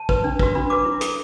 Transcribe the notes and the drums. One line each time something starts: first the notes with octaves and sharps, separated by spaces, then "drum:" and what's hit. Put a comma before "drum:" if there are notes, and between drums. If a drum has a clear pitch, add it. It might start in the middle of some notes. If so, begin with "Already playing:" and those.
Already playing: A5
B4, drum: kick
D4
F#4 B4, drum: kick
D4 B5
F#4 B4 D6
E4
A4, drum: hi-hat